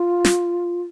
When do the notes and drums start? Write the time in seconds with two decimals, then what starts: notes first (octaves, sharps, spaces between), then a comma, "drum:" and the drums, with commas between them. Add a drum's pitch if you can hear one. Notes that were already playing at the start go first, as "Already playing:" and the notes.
Already playing: F4
0.25 drum: snare